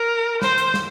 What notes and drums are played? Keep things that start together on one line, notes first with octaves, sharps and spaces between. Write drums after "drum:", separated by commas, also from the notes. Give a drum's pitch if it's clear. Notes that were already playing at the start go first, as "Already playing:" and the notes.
Already playing: A#4
C5, drum: snare
drum: hi-hat
drum: snare